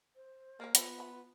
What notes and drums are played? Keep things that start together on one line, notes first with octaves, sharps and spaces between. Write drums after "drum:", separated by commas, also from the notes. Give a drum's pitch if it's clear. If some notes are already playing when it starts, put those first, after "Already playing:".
C5
A#3 A#4 D5
B3 F4 A4 C5 F#5, drum: hi-hat
E5 B5